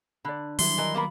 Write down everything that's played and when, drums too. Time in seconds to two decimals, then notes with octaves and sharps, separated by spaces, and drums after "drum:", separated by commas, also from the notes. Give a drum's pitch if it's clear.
0.25 D3 D5 B5
0.59 D#3 F#3 G3 D4 E4 B4 C6, drum: open hi-hat
0.78 E3 A#4 D#5
0.94 A#3 B3 A#4 F5 B5